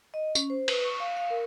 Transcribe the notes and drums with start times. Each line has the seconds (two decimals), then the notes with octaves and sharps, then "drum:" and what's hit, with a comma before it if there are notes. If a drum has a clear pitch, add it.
0.14 D#5
0.35 C#4, drum: tambourine
0.50 C5
0.68 B4, drum: cymbal
0.85 C#6
1.00 F5
1.17 F5
1.30 A#4